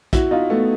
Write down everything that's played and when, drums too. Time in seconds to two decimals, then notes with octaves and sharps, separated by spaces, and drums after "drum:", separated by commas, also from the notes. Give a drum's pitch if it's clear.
0.13 E4 F#4, drum: kick, hi-hat
0.31 D#4 F4
0.49 A3 B3